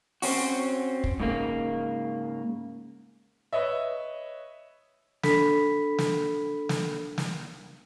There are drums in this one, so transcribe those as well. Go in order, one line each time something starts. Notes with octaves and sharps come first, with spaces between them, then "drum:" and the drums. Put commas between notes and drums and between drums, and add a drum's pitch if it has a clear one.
C4 C#4 F#4, drum: open hi-hat
drum: kick
G#2 C#3 A#3
B4 C#5 D#5 E5
D4 A4 B5 B6, drum: snare
drum: snare
drum: snare
drum: snare